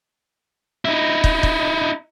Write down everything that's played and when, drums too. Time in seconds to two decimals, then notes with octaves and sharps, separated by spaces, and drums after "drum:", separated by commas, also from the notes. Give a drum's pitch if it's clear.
0.85 D#4 E4
1.24 drum: kick
1.43 drum: kick